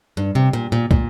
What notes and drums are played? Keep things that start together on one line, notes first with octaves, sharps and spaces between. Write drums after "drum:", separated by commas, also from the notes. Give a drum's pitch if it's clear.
G2
C3
A#2
A#2
A#2, drum: kick